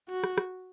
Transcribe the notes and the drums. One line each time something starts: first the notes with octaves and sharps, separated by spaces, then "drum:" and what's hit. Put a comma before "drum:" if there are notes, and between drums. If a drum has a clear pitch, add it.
F#4, drum: hi-hat
drum: rim click
drum: rim click